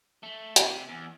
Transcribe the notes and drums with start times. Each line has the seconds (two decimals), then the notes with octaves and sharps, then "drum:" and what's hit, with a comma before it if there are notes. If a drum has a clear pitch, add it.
0.23 A3
0.56 C3, drum: hi-hat
0.89 E2